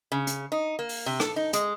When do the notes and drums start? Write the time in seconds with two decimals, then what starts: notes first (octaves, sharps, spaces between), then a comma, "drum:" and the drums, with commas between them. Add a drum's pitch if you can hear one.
0.12 C#3
0.27 drum: hi-hat
0.52 D#4
0.79 A#3
0.89 drum: open hi-hat
1.06 C3
1.20 A4, drum: rim click
1.36 D#4
1.53 G#3, drum: hi-hat